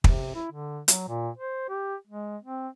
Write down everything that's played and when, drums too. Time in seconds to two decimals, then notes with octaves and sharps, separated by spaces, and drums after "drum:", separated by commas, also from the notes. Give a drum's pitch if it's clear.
0.04 C3, drum: kick
0.35 E4
0.51 D3
0.88 F#3, drum: hi-hat
1.08 A#2
1.37 C5
1.69 G4
2.07 G#3
2.43 C4